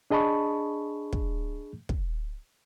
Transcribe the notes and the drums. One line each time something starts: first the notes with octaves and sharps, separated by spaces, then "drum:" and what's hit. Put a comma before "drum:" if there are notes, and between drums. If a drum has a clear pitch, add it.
D4 G#4 D#5 A5 B5 C#6
drum: kick
drum: kick